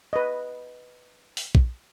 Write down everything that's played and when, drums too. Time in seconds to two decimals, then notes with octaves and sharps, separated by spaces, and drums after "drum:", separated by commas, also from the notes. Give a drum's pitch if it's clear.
0.13 B4 D#5
1.37 drum: open hi-hat
1.55 drum: kick